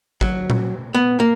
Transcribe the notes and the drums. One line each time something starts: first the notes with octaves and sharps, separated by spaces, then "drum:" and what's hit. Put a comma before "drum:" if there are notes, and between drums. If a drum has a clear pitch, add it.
F#3, drum: kick
drum: tom A#2
B3
A#3